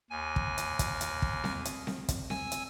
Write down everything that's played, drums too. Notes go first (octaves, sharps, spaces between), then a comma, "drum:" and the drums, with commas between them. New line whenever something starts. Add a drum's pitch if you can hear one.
D#2 G#5
drum: kick
drum: hi-hat
drum: kick, hi-hat
drum: hi-hat
drum: kick
drum: snare C4
drum: hi-hat
drum: snare C4
drum: kick, hi-hat
G#5 E6, drum: snare C4
drum: hi-hat